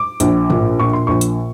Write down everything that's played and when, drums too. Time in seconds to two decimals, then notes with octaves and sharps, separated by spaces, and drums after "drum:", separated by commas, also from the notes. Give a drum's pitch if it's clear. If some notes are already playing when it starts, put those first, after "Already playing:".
Already playing: D6
0.20 A#1, drum: hi-hat
0.50 A#2, drum: tom G#2
0.79 A#2 C#6
0.93 C6
1.07 A#1 C#6
1.21 drum: hi-hat